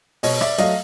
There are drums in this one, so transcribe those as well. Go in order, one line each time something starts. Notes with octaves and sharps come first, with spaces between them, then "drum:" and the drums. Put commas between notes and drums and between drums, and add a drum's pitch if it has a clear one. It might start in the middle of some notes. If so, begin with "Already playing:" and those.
B2 C#5 D#5, drum: open hi-hat
D5 E5, drum: rim click
F#3 A3 D#5 F5, drum: hi-hat